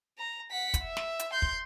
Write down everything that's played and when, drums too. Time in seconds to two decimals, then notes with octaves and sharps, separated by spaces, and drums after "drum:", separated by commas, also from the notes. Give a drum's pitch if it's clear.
0.18 A#5
0.51 F#5 B6
0.74 drum: kick, hi-hat
0.84 E5
0.97 drum: snare
1.19 drum: hi-hat
1.33 C6 G6
1.42 drum: kick